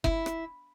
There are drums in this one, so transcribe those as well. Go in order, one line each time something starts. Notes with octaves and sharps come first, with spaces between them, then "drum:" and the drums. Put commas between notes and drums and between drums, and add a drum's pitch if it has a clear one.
E4, drum: kick F#1
drum: rim click